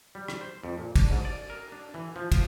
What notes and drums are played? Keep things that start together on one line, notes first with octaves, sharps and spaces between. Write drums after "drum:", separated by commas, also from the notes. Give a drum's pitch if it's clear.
G3
drum: rim click
C5
F2
A#2
D4, drum: kick, cymbal
G#2
D5
A#4
D4
E3
F3
F3, drum: kick, cymbal